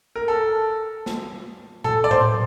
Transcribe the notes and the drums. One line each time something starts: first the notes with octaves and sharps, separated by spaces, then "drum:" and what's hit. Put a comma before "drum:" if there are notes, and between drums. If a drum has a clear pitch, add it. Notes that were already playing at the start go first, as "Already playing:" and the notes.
A#4
A4
drum: snare
A4, drum: tom A#2
D5
C5, drum: tom A2